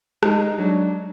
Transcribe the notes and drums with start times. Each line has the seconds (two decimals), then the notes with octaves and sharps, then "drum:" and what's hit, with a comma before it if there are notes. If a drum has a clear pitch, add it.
0.23 G#3 D#4, drum: rim click
0.58 F#3 D4